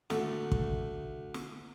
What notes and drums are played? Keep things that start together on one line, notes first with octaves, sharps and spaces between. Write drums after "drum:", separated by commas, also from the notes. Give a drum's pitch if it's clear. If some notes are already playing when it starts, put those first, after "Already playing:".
D2 A3, drum: snare
drum: kick
drum: snare